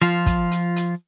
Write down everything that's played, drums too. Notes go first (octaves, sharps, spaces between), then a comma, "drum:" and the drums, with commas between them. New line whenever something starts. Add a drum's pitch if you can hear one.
F3 F4
drum: kick, hi-hat
drum: hi-hat
drum: hi-hat